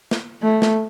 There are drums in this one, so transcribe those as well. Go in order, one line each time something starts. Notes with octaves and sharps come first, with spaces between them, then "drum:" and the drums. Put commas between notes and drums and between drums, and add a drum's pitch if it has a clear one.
drum: snare
A3
drum: snare